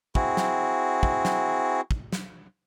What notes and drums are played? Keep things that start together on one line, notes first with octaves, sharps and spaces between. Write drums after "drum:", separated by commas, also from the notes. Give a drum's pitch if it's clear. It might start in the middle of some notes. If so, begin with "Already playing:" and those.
C4 E4 F#4 G#4, drum: kick
drum: snare
drum: kick
drum: snare
drum: kick
drum: snare